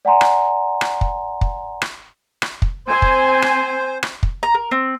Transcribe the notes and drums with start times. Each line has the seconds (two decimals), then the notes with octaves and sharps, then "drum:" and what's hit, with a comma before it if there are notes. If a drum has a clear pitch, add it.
0.05 D5 F#5 G#5 A#5 C6
0.21 drum: rim click
0.81 drum: rim click
1.01 drum: kick
1.41 drum: kick
1.82 drum: rim click
2.42 drum: rim click
2.62 drum: kick
2.87 C4 C5 G#5 C6
3.02 drum: kick
3.42 drum: rim click
4.03 drum: rim click
4.23 drum: kick
4.43 A#5
4.54 A#4
4.71 C4